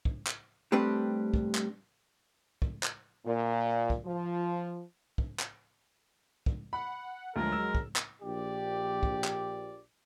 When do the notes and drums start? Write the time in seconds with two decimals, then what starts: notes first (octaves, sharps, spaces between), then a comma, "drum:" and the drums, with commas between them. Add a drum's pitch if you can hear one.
0.05 drum: kick
0.27 drum: clap
0.72 G3 A3 C4 D4 G4 B4
1.34 drum: kick
1.55 drum: clap
2.62 drum: kick
2.83 drum: clap
3.26 A#2
3.90 drum: kick
4.06 F3
5.18 drum: kick
5.40 drum: clap
6.46 drum: kick
6.73 F#5 B5
7.36 D2 F3 F#3 G#3 A#4
7.52 E6
7.75 drum: kick
7.96 drum: clap
8.22 A#1 G4 D5
9.03 drum: kick
9.24 drum: clap